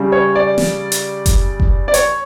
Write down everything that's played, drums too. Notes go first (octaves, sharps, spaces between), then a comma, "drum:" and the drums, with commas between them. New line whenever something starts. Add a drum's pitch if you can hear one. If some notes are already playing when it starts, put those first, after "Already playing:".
Already playing: C#3 G3
C#5
D5
drum: snare
drum: hi-hat
drum: kick F#1, hi-hat
drum: kick F#1
D5
C#5, drum: hi-hat